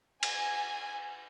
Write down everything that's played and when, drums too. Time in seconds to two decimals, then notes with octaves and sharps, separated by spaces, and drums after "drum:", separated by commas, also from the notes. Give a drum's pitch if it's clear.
0.23 G#5, drum: cymbal